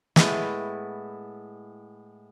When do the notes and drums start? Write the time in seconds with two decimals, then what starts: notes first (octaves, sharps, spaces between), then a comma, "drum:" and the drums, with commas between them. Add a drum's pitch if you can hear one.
0.16 A2 G#3 B3 E4, drum: snare